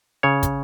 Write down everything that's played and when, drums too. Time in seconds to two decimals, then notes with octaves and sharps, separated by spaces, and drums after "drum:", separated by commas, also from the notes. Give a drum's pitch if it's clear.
0.23 C#3 C#5
0.43 drum: kick, hi-hat